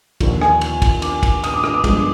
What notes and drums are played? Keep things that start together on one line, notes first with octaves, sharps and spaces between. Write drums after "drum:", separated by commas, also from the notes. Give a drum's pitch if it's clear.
D#2 D3 F3, drum: kick, cymbal
G#5, drum: rim click
drum: cymbal
drum: kick, cymbal
D6, drum: cymbal
drum: kick, cymbal
D#6, drum: cymbal
D6
D#6, drum: rim click
D6
G1 G2 F3 G#3 D#6, drum: kick, cymbal